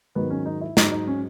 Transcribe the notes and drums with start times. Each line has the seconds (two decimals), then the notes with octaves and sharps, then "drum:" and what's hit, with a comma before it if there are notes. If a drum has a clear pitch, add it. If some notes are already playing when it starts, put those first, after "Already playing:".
0.15 G#2 D#3 F#3 B3
0.30 C#4
0.46 D#4
0.61 E4
0.77 G#2 F#3 D#4, drum: snare
0.91 D#4
1.07 C#4